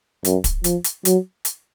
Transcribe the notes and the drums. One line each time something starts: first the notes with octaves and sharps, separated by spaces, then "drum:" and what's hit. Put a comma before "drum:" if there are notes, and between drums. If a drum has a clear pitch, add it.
F#2, drum: hi-hat
drum: kick, hi-hat
F3, drum: hi-hat
drum: hi-hat
F#3, drum: hi-hat
drum: hi-hat